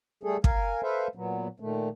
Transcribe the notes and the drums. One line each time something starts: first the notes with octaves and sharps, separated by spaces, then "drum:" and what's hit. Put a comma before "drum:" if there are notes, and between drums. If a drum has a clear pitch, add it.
G3 A3 G#4 A4
A#4 F5 G#5, drum: kick
A4 B4 C5 E5 F5
A#2 F#3 B3
A#2 D#3 A3